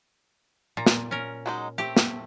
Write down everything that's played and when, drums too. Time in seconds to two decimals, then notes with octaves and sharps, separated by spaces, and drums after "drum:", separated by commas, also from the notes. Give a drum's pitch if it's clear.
0.77 A#2 A#5
0.86 drum: snare
1.11 C#4 A#4
1.46 F#3 G#3 D#4
1.78 A3 C4 G4
1.97 drum: snare